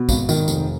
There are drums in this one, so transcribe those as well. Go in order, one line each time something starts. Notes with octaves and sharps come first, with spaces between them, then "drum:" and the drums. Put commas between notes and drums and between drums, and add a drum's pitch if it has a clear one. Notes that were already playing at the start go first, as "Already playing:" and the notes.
Already playing: B2
G#1, drum: kick, tambourine
D#3, drum: tambourine
F1, drum: tambourine